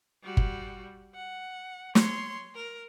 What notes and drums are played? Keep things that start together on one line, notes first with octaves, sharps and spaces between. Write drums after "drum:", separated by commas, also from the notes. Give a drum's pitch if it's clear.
G3 F#4
drum: kick G1
F#5
C#5 C6, drum: snare
A#4